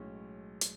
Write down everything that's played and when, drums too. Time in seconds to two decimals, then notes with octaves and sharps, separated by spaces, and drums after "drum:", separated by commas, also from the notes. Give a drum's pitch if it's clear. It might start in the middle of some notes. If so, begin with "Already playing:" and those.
Already playing: B1 A2 G#3 C#4
0.61 drum: hi-hat